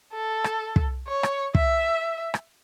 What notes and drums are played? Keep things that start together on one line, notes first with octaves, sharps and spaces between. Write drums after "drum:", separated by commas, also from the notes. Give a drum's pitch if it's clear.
A4
drum: rim click
drum: kick
C#5
drum: rim click
E5, drum: kick
drum: rim click